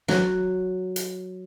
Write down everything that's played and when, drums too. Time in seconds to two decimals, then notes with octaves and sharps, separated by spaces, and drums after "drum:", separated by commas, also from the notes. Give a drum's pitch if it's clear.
0.08 F#3, drum: snare
0.96 drum: hi-hat